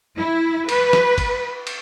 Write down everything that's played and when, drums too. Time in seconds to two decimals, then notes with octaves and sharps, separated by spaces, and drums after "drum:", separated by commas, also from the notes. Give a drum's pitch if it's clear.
0.17 E4
0.69 B4, drum: cymbal
0.93 drum: snare
1.18 drum: kick, cymbal
1.67 drum: cymbal